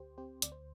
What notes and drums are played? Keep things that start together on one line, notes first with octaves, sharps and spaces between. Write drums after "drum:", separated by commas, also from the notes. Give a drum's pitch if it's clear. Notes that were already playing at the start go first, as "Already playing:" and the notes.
Already playing: D2 G4 C5
C4 G4 C5
D2 D5, drum: hi-hat
C5